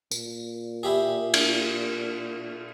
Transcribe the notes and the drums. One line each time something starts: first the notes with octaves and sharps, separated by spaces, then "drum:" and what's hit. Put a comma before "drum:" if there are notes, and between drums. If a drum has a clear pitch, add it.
A#2, drum: tambourine
E4 G4 G#4
drum: cymbal